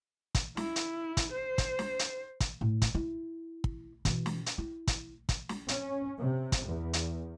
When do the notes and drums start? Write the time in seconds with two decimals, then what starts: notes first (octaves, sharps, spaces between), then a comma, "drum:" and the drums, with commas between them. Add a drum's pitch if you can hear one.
0.35 drum: kick, hi-hat
0.57 E4, drum: snare
0.76 drum: hi-hat
1.17 drum: kick, hi-hat
1.33 C5
1.58 drum: kick, hi-hat
1.79 drum: snare
1.99 drum: hi-hat
2.40 drum: kick, hi-hat
2.61 A2
2.82 drum: kick, hi-hat
2.95 E4
3.64 drum: kick
4.05 B2 E3, drum: kick, hi-hat
4.26 drum: snare
4.46 drum: hi-hat
4.58 E4
4.87 drum: kick, hi-hat
5.29 drum: kick, hi-hat
5.49 drum: snare
5.68 C#4, drum: hi-hat
6.19 C3
6.52 drum: kick, hi-hat
6.67 E2
6.93 drum: hi-hat